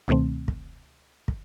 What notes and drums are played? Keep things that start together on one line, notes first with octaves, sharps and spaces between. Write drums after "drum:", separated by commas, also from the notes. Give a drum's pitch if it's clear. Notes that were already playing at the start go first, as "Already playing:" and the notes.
C#2 B2 D#3 A3 C4
drum: kick
drum: kick